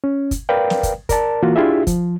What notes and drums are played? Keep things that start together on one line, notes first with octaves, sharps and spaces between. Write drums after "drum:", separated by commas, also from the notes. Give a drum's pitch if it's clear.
C#4
drum: kick, hi-hat
A#4 B4 D5 F5 G5
drum: snare
drum: kick, hi-hat
A#4 D5 A5, drum: kick, hi-hat
E3 A#3 F4 F#4
D4 E4 F4 G4 G#4 E5
F3, drum: kick, hi-hat